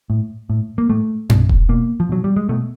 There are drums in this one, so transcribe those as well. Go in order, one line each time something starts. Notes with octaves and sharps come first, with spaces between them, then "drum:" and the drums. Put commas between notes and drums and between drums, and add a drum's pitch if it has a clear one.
A2
A2
A#3
A2 A3
B2, drum: tom F#2
drum: kick E1
B2 A#3
F3
B2 F#3
G3
G#3
B2 A3